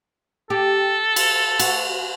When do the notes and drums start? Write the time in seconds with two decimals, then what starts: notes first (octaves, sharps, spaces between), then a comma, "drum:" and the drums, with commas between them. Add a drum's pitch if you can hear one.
0.50 G4 A4
1.16 drum: cymbal
1.59 F#4, drum: cymbal